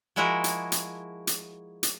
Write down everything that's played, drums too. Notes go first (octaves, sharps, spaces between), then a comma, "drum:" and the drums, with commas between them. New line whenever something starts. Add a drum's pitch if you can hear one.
F3 G#3 E4 F#4 G#4 A#4
drum: hi-hat
drum: hi-hat
drum: hi-hat
drum: hi-hat